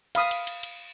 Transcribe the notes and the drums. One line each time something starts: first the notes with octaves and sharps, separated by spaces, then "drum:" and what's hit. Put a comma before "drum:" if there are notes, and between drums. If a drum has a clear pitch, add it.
F5 B5 D#6, drum: cymbal
drum: cymbal
drum: cymbal
drum: cymbal